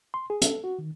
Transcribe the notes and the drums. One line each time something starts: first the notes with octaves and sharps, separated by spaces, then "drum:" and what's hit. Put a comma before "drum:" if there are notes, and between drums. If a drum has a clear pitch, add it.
C6
G#4
A4, drum: hi-hat
F#4
D#3